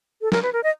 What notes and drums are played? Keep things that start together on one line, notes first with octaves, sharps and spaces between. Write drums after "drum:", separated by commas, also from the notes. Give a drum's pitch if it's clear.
A4
A#4, drum: snare
B4
A#4
D#5